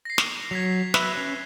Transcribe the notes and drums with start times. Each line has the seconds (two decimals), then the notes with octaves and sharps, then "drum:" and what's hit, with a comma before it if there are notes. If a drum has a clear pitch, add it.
0.05 A#6 C7
0.18 drum: snare
0.51 F#3 G#6 B6 F7
0.94 B4 E5 B5 F#6 G7, drum: snare
1.17 C#4